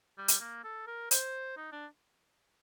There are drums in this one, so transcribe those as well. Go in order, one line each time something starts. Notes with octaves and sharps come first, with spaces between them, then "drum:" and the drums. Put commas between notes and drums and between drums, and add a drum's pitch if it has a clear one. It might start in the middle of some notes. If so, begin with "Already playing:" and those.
G3
drum: hi-hat
A#3
A4
A#4
C5, drum: hi-hat
D#4
D4